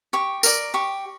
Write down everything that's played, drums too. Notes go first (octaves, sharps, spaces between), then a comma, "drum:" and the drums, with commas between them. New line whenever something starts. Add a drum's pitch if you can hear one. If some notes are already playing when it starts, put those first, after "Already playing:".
G4 C#6
A#4 D5, drum: tambourine
G4 C#6